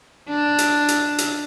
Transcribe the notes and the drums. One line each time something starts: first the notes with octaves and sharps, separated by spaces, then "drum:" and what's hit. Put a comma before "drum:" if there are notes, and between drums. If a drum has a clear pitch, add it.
D4
drum: hi-hat
drum: hi-hat
drum: hi-hat